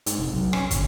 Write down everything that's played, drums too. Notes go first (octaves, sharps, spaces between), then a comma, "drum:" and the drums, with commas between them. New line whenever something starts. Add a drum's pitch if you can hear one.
G#2, drum: hi-hat
F1
B1
C#4, drum: rim click
G1, drum: kick, hi-hat